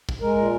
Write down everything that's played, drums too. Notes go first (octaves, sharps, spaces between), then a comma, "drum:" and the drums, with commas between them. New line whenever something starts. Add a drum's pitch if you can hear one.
drum: kick
G#3 A#4
A#2